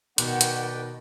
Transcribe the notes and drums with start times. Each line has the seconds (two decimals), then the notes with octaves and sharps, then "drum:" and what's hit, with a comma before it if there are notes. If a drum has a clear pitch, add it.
0.18 B2 D#3 B4 D5 F#5 G5, drum: hi-hat
0.41 drum: hi-hat